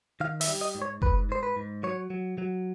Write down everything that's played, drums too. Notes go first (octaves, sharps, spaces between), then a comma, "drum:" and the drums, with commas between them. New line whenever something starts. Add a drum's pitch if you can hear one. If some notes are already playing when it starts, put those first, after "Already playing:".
D#3 F5
E5, drum: open hi-hat
G3
D#5
G#2
C#5
G#2 B4, drum: kick F#1
G#2 C5
B4
G#2
F#3 C#5
F#3
F#3